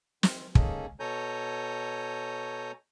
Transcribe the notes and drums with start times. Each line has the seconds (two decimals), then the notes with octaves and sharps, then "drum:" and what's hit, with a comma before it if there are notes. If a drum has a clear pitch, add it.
0.23 D#3 C4, drum: snare
0.55 A#3 C#4 D#4 G#4 A4, drum: kick
1.00 B2 A4 C#5 G#5 A#5 G6